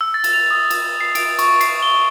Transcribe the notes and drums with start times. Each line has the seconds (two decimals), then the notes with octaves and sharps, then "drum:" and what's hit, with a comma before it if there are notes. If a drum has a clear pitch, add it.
0.01 E6
0.14 A6
0.24 drum: cymbal
0.33 F7
0.51 D#6
0.70 drum: cymbal
1.01 C7
1.15 D7, drum: cymbal
1.39 C#6, drum: cymbal
1.61 C7, drum: cymbal
1.82 G7